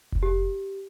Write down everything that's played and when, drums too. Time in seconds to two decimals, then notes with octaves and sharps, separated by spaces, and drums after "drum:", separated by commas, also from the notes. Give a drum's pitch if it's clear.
0.12 drum: kick F1
0.23 G4